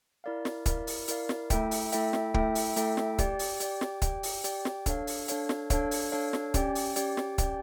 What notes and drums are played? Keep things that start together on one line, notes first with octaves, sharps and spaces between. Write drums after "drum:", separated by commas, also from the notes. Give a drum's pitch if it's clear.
E4 A#4 D5 F5
drum: snare
E4 A#4 D5 F5, drum: kick, hi-hat
drum: open hi-hat
E4 A#4 D5 F5, drum: hi-hat
drum: snare
A3 E4 A4 E5 G5, drum: kick, hi-hat
drum: open hi-hat
A3 E4 A4 E5 G5, drum: hi-hat
drum: snare
A3 E4 A4 E5 G5, drum: kick
drum: open hi-hat
A3 E4 A4 E5 G5, drum: hi-hat
drum: snare
G4 D5 G5, drum: kick, hi-hat
drum: open hi-hat
G4 D5 G5, drum: hi-hat
drum: snare
G4 D5 G5, drum: kick, hi-hat
drum: open hi-hat
G4 D5 G5, drum: hi-hat
drum: snare
D4 A4 C#5 F5, drum: kick, hi-hat
drum: open hi-hat
D4 A4 C#5 F5, drum: hi-hat
drum: snare
D4 A4 C#5 F5, drum: kick, hi-hat
drum: open hi-hat
D4 A4 C#5 F5
drum: snare
C#4 G4 D5 G5, drum: kick, hi-hat
drum: open hi-hat
C#4 G4 D5 G5, drum: hi-hat
drum: snare
C#4 G4 D5 G5, drum: kick, hi-hat